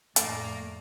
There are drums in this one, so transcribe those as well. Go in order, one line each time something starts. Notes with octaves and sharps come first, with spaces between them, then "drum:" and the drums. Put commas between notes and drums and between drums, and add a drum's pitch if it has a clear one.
F2 A2 A3 A#3 A#4 D5, drum: hi-hat